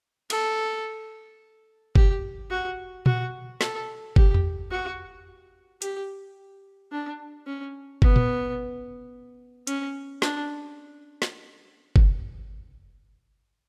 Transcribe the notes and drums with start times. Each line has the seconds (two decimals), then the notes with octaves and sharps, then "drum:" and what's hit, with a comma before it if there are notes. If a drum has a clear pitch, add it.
0.30 A4, drum: cymbal
1.96 G4, drum: kick F#1
2.50 F#4
3.06 F#4, drum: tom A#2
3.61 A4, drum: snare
4.16 G4, drum: kick F#1
4.34 drum: tom E2
4.71 F#4
5.82 G4, drum: hi-hat
6.92 D4
7.46 C#4
8.02 B3, drum: kick F#1
8.16 drum: tom A#2
9.67 C#4, drum: hi-hat
10.22 D4, drum: snare
11.22 drum: snare
11.96 drum: kick F#1